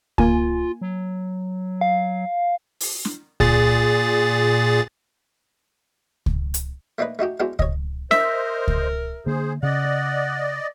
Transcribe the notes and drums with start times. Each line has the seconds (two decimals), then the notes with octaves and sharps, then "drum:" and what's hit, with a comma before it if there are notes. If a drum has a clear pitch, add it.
0.18 A#3 F4 G#5, drum: kick C#2
0.81 F#3
1.81 F5
2.80 drum: open hi-hat
3.05 drum: snare
3.40 A#2 G#4 A6, drum: kick C#2
6.26 drum: kick C#2
6.54 drum: hi-hat
6.98 A3 A#3 D4 D#4 B4
7.19 A3 D#4 F#4 G4
7.40 G#3 B3 D4 E4 F#4 G4
7.59 C#5 D#5, drum: kick C#2
8.11 A#4 C5 D#5 E5, drum: snare
8.68 drum: kick C#2
9.26 D3 A#3 G#4 C5
9.63 C#3 C#4 D5 D#5 F#5